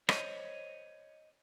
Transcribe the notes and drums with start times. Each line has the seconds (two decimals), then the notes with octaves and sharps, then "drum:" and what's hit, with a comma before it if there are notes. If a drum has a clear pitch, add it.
0.09 C5 C#5 D#5, drum: rim click